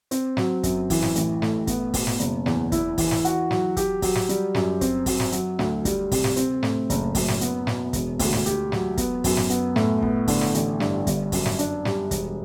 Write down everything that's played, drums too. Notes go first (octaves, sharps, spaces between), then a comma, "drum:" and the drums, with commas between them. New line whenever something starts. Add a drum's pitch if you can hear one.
C4, drum: hi-hat
F#3, drum: snare
F#2, drum: kick, hi-hat
E3, drum: kick, open hi-hat
drum: snare
A1, drum: hi-hat
A2, drum: snare
B3, drum: kick, hi-hat
B2, drum: kick, open hi-hat
drum: snare
F#1, drum: hi-hat
E2, drum: snare
E4, drum: kick, hi-hat
E3, drum: kick, open hi-hat
drum: snare
F#4, drum: hi-hat
F#3, drum: snare
G4, drum: kick, hi-hat
F#3, drum: kick, open hi-hat
drum: snare
G3, drum: hi-hat
F#2, drum: snare
C4, drum: kick, hi-hat
F#3, drum: kick, open hi-hat
drum: snare
F#3, drum: hi-hat
D2, drum: snare
G3, drum: kick, hi-hat
C3, drum: kick, open hi-hat
drum: snare
C4, drum: hi-hat
A2, drum: snare
F#1, drum: kick, hi-hat
F#2, drum: kick, open hi-hat
drum: snare
B3, drum: hi-hat
B2, drum: snare
E1, drum: kick, hi-hat
D2, drum: kick, open hi-hat
drum: snare
G4, drum: hi-hat
F#3, drum: snare
B3, drum: kick, hi-hat
F#2, drum: kick, open hi-hat
drum: snare
B3, drum: hi-hat
A2, drum: snare
B3, drum: kick
D3, drum: kick, open hi-hat
drum: snare
A1, drum: hi-hat
G2, drum: snare
G1, drum: kick, hi-hat
F#2, drum: kick, open hi-hat
drum: snare
D4, drum: hi-hat
G3, drum: snare
E1, drum: kick, hi-hat